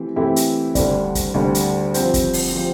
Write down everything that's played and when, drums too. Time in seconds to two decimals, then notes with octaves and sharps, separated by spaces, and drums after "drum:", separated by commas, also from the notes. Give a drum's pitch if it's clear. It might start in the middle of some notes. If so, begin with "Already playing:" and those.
Already playing: E3 A3 C4 G4
0.16 E3 A3 C4 E4 G4
0.36 drum: hi-hat
0.75 D2 D3 G3 D4, drum: kick, hi-hat
1.15 drum: kick, hi-hat
1.34 D2 D3 G3 D4
1.55 drum: hi-hat
1.94 F3 C4 G4 C5, drum: hi-hat
2.14 drum: kick, hi-hat
2.33 drum: open hi-hat
2.53 F3 C4 G4 C5